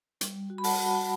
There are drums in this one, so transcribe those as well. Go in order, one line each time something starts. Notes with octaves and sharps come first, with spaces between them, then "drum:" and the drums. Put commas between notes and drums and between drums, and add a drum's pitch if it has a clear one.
G3, drum: hi-hat
F#4
B5
F#5 A5, drum: open hi-hat
F#4